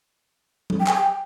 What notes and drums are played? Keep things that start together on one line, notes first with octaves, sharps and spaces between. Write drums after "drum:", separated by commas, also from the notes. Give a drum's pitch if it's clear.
drum: tom F#3
G5
G#5, drum: clap
G5